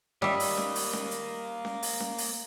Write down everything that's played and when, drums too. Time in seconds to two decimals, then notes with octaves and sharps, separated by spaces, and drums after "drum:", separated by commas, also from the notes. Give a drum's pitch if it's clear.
0.22 G3 A#3 D#5 E5, drum: snare C#4
0.40 drum: open hi-hat
0.58 drum: snare C#4
0.75 drum: open hi-hat
0.93 drum: snare C#4
1.11 drum: hi-hat
1.65 drum: snare C#4
1.83 drum: open hi-hat
2.00 drum: snare C#4
2.18 drum: open hi-hat